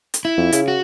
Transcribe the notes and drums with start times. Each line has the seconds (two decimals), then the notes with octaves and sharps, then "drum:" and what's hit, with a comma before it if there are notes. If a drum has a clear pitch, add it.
0.14 drum: hi-hat
0.25 E4
0.37 F2
0.52 C#3, drum: hi-hat
0.68 F#4